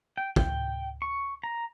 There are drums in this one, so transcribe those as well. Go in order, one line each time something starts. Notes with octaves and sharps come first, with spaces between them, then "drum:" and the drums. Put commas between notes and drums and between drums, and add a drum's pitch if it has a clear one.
G5
G5, drum: kick
C#6
A#5